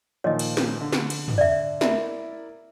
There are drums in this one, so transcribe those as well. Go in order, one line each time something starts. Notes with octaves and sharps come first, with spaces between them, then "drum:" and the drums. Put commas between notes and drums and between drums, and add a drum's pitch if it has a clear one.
A#2 D#3 F3 C#5 D#5
drum: cymbal
drum: snare
D3
drum: snare
drum: cymbal
drum: tom
D5 E5
E4 A#4 D5 E5, drum: snare